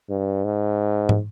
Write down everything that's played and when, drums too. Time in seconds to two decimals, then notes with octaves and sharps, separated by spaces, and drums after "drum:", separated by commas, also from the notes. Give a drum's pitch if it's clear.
0.09 G2
0.45 G#2
1.09 drum: tom